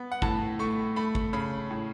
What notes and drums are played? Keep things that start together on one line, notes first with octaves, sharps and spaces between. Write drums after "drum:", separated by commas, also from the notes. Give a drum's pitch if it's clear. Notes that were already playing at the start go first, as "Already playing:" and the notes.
Already playing: B3
F#5
A2 A5, drum: kick
A3 C#6
A3 B5
drum: kick
C#3 B5
A2